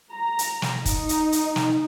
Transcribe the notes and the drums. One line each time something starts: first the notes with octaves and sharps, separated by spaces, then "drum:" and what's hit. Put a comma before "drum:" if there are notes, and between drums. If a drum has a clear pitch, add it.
A#5
drum: hi-hat
drum: snare
D#4, drum: kick, hi-hat
drum: hi-hat
drum: hi-hat
drum: snare